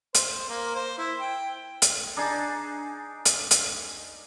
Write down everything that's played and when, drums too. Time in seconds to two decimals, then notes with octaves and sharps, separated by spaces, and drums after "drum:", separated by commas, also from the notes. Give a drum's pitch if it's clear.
0.14 C5, drum: hi-hat
0.49 A#3
0.75 C5
0.98 E4
1.19 G5
1.82 drum: hi-hat
2.17 D4 D#4 G#4 A5
3.25 drum: hi-hat
3.51 drum: hi-hat